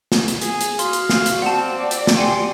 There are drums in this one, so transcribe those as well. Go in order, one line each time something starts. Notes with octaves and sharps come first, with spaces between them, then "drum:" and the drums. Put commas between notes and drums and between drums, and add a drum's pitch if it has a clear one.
drum: snare
drum: hi-hat
G#4, drum: hi-hat
drum: hi-hat
F#4 F5 C6, drum: hi-hat
drum: hi-hat
drum: snare
drum: hi-hat
C4 D5 F#5 A5
drum: hi-hat
drum: snare
G4 G5 G#5 C6 C#7